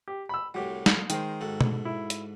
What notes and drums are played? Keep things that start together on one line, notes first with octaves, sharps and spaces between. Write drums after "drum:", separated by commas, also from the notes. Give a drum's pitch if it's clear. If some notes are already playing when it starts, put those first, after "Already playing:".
G4
B5 E6
C2 A2 G3 F#4 G4
drum: snare
D#3 G#3 A#4 C5, drum: hi-hat
G#2 F#4 A4
drum: tom B2
E4
drum: hi-hat